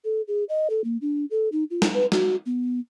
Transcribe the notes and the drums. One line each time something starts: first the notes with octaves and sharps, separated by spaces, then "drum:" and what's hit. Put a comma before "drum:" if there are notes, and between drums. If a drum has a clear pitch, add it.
A4
G#4
D#5
A4
A#3
D4
A4
D#4
F4
drum: snare
B4
F#4, drum: snare
B3